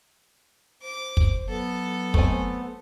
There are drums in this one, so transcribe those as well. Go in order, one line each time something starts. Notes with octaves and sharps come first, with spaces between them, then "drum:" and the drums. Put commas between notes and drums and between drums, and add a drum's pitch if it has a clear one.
C5 D6
drum: kick
F#3 B3 A4
A3 C4 G#5, drum: kick